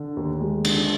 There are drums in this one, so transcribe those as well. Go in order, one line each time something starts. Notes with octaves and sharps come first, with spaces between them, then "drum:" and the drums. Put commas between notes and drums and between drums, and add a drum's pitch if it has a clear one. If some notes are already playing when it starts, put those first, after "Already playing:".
Already playing: D3
D#2
G#3
D3, drum: cymbal